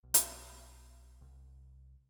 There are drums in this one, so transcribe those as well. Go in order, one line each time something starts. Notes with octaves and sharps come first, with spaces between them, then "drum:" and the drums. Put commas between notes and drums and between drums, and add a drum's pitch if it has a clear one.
B1
drum: hi-hat
C2